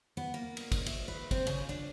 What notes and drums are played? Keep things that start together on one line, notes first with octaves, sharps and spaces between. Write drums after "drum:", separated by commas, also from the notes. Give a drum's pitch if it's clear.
B3
A#3
drum: cymbal
drum: kick, cymbal
E5, drum: cymbal
B4
C4, drum: kick, cymbal
C#3, drum: cymbal
D4